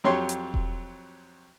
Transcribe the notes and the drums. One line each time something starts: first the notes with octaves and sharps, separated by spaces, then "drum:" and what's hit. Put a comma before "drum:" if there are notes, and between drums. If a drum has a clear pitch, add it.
F2 F#3 G4 C#5 C6
drum: hi-hat
drum: kick E1